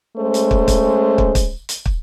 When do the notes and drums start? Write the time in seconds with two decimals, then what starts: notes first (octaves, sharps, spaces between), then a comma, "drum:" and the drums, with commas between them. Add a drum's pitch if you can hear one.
0.17 G#3 A3 C#4 C5
0.34 drum: hi-hat
0.51 drum: kick
0.68 drum: kick, hi-hat
1.18 drum: kick
1.35 drum: kick, hi-hat
1.69 drum: hi-hat
1.86 drum: kick